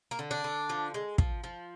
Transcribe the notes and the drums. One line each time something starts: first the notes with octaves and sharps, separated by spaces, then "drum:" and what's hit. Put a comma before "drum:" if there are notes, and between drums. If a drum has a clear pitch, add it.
A#3
D3
D4
D3
F3
G#3
F3, drum: kick
F3